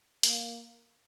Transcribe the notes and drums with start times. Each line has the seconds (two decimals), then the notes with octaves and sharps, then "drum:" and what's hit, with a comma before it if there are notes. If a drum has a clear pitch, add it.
0.23 A#3, drum: hi-hat